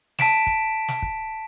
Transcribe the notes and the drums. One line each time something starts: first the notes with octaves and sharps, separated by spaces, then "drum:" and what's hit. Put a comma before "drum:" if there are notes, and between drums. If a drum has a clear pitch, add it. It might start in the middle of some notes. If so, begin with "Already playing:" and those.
A5 B6 D7 E7, drum: snare
drum: kick
drum: snare
drum: kick